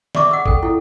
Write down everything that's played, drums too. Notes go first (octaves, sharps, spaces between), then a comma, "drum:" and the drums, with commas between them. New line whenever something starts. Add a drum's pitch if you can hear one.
D5 E5 C#6 D6, drum: snare
F#5 E6
A4 G5, drum: kick
E4 A4